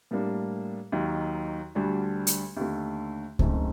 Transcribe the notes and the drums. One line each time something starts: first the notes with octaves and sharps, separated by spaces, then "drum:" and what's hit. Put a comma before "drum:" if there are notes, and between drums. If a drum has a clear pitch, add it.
A2 G3 A#3 D4
D#2 D#3 F#3
D2 D3 G3 D4 F#4
drum: hi-hat
D#2 D3 A3
F#1 F#2 D#3 A3 C4, drum: kick C#2